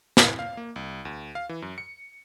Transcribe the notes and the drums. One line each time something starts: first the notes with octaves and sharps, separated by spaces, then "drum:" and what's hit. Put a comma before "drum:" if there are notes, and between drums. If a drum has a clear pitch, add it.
E4, drum: snare
F5
A#3
C2
D2
F5
E3
F#2
C#7